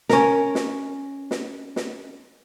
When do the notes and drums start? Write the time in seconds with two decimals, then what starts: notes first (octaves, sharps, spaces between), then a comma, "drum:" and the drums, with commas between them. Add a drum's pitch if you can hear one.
0.09 C#4 A#4, drum: snare
0.55 drum: snare
1.31 drum: snare
1.76 drum: snare